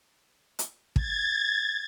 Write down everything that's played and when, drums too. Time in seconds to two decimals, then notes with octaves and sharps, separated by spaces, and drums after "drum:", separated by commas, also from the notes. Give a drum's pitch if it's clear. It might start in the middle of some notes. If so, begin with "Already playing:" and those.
0.59 drum: hi-hat
0.96 G#6 A6, drum: kick